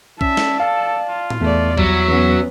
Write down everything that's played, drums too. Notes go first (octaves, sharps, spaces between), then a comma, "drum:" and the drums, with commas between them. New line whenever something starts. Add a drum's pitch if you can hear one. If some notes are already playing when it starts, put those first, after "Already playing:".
C#4 D5 E5 A5, drum: kick B1
drum: snare
A4 F5
F4
drum: tom A2
E2 A3 D5
F#3 G3 E5, drum: kick B1
E2 B3 C#4